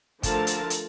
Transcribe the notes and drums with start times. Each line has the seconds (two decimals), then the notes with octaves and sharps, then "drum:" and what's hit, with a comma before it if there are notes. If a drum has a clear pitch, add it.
0.23 D3 F3 A3 F4 A#4 A5, drum: kick, hi-hat
0.47 drum: hi-hat
0.70 drum: hi-hat